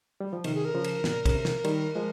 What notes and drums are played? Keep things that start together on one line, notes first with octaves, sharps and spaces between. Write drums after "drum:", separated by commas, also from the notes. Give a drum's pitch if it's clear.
G3
F3
C3 D#3 A#4, drum: cymbal
G#4
A#4
C#3 F3
drum: cymbal
A#2 C#3, drum: snare
C#3, drum: kick, cymbal
C3
drum: snare
D#3 G3, drum: cymbal
F3 G#3